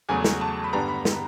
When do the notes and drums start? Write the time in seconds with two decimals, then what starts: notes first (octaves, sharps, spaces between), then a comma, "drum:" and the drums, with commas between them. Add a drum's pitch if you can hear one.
0.09 E2 C#3 F#3 A3 G#5
0.24 drum: snare
0.41 A5
0.64 B5
0.73 G2 D3 G3 B3 A#5
0.89 B5
1.05 drum: snare